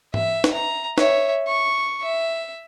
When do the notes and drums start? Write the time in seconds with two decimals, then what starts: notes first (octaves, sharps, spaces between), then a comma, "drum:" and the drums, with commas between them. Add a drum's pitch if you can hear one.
0.14 E5, drum: tom G#2
0.44 drum: snare
0.53 A#5
0.98 C#5 E5, drum: snare
1.48 C#6
2.02 E5